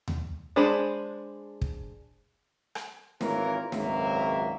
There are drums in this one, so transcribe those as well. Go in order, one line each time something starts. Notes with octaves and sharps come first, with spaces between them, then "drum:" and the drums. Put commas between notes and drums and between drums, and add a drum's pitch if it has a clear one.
drum: tom D#2
G#3 D4 G#4 C5 B5
drum: kick
drum: rim click
G#1 E3 A#3 F4 A#4 C#5, drum: snare
G#1 C#2 F#2 F#3 A#3 E5, drum: snare